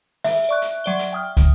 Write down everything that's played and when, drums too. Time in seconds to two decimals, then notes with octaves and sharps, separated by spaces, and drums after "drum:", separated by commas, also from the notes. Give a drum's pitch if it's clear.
0.24 E5, drum: open hi-hat
0.49 D5 C#6 F#6
0.62 drum: hi-hat
0.84 F#3 D5 G7
0.99 drum: hi-hat
1.13 G5 D#6 F6
1.37 drum: kick, hi-hat